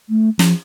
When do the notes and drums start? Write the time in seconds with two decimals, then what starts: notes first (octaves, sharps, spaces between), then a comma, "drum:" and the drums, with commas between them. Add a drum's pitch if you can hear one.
0.09 A3
0.39 F3, drum: snare